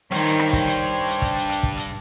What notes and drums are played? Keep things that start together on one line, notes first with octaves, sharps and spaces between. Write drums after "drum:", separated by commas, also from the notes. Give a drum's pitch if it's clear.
G2 D#3 C5 C#5 G5, drum: hi-hat
drum: hi-hat
drum: rim click
drum: kick, hi-hat
drum: hi-hat
D4
drum: hi-hat
drum: kick, hi-hat
drum: hi-hat
drum: hi-hat
drum: kick
drum: hi-hat